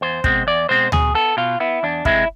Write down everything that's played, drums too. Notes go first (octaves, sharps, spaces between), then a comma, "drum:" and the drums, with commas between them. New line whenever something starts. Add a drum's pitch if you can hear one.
E2 C5
B2 G#3 C4, drum: kick
E2 D5
B2 G#3 C4 C5
B2 G#4, drum: tom D2
B3 A4
B2 F4
B3 E4
E2 D4
C3 G#3 C4 E4, drum: kick